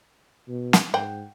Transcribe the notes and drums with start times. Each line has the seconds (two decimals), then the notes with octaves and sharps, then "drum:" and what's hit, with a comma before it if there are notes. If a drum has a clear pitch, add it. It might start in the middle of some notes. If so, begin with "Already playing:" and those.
0.49 B2
0.73 drum: snare
0.94 G#2 F#5 G5